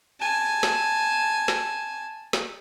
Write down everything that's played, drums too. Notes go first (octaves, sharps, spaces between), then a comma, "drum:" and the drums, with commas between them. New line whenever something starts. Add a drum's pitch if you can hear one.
G#5 A5
drum: snare
drum: snare
drum: snare